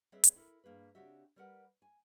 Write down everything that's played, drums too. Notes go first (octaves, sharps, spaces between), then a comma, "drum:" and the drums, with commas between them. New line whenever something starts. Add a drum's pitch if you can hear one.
G3 C4 G#4 B4 C#5 E5
drum: hi-hat
E4 A4 A#4
G2 A#3 G#4 B4
C#3 C4 D4 F#4 G4 E5
G3 G4 A#4 B4 F#5
G#5